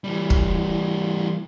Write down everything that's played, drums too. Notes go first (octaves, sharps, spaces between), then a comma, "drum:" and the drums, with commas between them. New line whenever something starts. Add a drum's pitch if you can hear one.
E3 G3
drum: kick